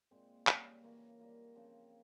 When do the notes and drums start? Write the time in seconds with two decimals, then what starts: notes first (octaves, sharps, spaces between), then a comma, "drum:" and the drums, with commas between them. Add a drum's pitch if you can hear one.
0.11 A#2 G#3 C4
0.47 C#3 G3 C#4, drum: clap
0.83 E3 A#3 F4
1.19 G3 A#3 F4
1.55 C#3 F3 C4